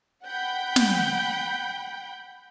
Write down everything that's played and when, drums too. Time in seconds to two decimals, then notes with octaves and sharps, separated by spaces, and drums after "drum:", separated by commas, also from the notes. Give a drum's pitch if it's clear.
0.24 F#5 G5 B5 G6
0.76 drum: snare